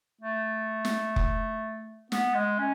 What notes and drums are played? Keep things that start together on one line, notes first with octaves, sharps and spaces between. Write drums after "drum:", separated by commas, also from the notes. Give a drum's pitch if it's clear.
A3
drum: snare
drum: kick F1
B3, drum: snare
G#3
C#4